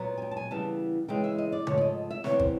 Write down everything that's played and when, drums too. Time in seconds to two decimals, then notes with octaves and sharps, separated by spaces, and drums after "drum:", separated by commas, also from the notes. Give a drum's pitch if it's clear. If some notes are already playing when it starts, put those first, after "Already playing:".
Already playing: A#2 F#3 B3
0.18 G#5
0.22 G5
0.31 A5
0.37 G#5
0.51 C#3 E3 G3 B3 A5
1.08 C#3 E3 G#3 G5
1.24 E5
1.38 D#5
1.52 D5
1.67 G#2 F3 A3 C#5, drum: tom C#3
1.78 D5
1.81 D#5
2.10 E5
2.24 C3 E3 G3 B3 C#5, drum: snare
2.39 C5, drum: kick